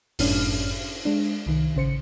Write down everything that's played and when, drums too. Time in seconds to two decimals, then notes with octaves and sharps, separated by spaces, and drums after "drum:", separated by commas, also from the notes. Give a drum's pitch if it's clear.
0.19 G1 F#2 A2 C#4 D4 F6, drum: open hi-hat
1.05 G#3 D4
1.46 C2 D#3
1.75 A1 C#3 C5 C#7